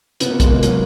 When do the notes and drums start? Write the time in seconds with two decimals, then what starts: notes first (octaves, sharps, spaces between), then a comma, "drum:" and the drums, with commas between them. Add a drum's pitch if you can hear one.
0.20 C#3 B3, drum: hi-hat
0.31 A#3
0.40 G#3, drum: kick, hi-hat
0.50 A#3
0.63 F#3, drum: hi-hat